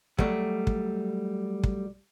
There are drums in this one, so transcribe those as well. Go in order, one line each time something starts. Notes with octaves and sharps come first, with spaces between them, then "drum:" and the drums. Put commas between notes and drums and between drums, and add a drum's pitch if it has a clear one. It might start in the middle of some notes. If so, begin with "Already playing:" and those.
F#3 G3 A3, drum: kick
drum: kick
drum: kick